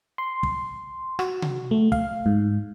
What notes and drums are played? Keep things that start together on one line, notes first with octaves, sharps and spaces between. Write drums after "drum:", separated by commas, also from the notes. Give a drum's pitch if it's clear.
C6
drum: kick
F#4, drum: rim click
drum: tom C3
A3
F5, drum: kick
G#2